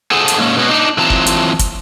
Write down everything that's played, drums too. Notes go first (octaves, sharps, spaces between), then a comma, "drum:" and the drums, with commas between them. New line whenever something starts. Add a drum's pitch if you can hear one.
G#4 A4 C5 F#5 G#5 A5
drum: hi-hat
G#2 A#3 C#4
B2 B3 C#4 F#4
D4 D#4
E3 F#3 C4 F4 A5 A#5
drum: kick
drum: hi-hat
drum: kick, hi-hat